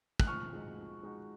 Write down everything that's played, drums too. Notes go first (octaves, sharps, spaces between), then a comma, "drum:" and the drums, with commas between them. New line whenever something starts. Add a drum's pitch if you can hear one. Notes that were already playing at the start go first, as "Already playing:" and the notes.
F#6, drum: kick
F3 C#6 F6
G#3 D#4 F#4
F3
G#3 D#4 F#4